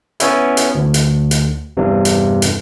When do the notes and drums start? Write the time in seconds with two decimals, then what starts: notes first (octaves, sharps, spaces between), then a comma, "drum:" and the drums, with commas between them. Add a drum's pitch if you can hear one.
0.20 B3 C#4 E4, drum: hi-hat
0.57 drum: hi-hat
0.75 D2
0.94 drum: hi-hat
1.31 drum: hi-hat
1.77 E2 G2 C3
2.05 drum: hi-hat
2.42 drum: hi-hat